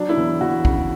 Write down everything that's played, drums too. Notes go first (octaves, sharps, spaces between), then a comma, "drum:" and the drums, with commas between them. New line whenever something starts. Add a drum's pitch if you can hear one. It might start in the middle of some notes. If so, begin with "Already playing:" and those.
Already playing: F#3 D4
E4
E2
E2 F#4
C#3, drum: kick